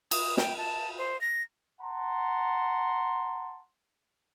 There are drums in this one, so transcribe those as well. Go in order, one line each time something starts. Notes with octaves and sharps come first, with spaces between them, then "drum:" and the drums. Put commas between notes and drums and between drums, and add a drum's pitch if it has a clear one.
D#6, drum: cymbal
G5, drum: snare
A5
C5
A#6
F#5 A5 A#5 C6